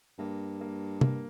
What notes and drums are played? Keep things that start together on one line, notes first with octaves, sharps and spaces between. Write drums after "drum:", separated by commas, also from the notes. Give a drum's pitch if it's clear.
G2 A#3
A#3
A#3, drum: tom